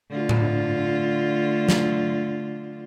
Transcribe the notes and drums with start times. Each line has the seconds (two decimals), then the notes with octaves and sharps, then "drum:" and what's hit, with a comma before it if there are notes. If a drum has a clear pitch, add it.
0.11 D3 A3 F4
0.29 drum: tom A2
1.69 drum: snare